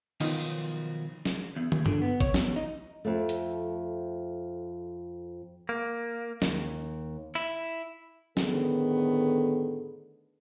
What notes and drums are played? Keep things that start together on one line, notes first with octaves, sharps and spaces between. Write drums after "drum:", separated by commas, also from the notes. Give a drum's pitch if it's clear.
B1 D#3 F3 B3 D#4, drum: cymbal
drum: snare
E2
D#2, drum: tom
D3, drum: tom G2
B3
C#5, drum: kick A1
E2, drum: snare
D#4
F2 A3
drum: hi-hat
A#3
D#2, drum: snare
E4, drum: hi-hat
A2 D3 D#3 B3 G#4 A4, drum: snare